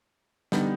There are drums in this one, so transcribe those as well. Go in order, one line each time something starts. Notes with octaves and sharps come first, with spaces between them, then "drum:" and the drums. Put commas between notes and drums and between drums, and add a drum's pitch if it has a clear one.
D3 G3 B3 D#4, drum: snare